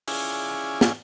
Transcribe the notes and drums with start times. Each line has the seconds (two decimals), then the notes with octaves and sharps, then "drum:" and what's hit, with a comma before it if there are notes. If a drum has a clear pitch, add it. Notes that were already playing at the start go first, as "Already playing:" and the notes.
0.08 C#4 E4 F4 G#4 D5 G#5, drum: open hi-hat
0.81 drum: snare